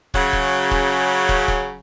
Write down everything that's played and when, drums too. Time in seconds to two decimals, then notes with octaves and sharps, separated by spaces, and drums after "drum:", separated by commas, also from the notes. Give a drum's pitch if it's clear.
0.14 C#3 F#3, drum: kick
0.33 drum: kick
0.71 drum: kick
1.29 drum: kick
1.48 drum: kick